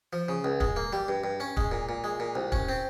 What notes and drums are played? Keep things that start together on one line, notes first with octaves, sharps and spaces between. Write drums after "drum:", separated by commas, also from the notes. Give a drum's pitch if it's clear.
F3
C#3
C#2
G#3, drum: kick
A#3
G3
G2
G2
C#4
G#3, drum: kick
A#2
A#2
G#3
A#2
C2
C#4, drum: kick
C4